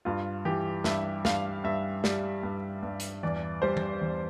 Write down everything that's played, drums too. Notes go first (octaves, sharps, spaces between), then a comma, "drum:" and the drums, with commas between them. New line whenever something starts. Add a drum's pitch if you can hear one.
G2 F4
E3 G4
G2 E5, drum: snare
G2 F5, drum: snare
G2 E5
G3, drum: snare
G2
G2
drum: hi-hat
E2 D5
G3 C5
drum: tom
E2